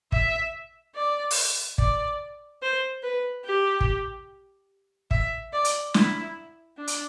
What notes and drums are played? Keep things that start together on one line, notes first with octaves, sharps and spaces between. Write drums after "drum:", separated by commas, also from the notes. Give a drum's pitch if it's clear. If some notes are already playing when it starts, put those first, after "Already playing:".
E5, drum: kick
D5
drum: open hi-hat
D5, drum: kick
C5
B4
G4
drum: kick
E5, drum: kick
D5
drum: hi-hat
E4, drum: snare
D4
drum: hi-hat